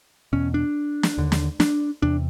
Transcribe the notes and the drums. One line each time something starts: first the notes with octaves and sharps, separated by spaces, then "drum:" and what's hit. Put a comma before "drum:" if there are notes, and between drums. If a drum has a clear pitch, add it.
E2 B2 C#4
D4
drum: snare
D#2 D3
drum: snare
D4, drum: snare
E2 C3 D4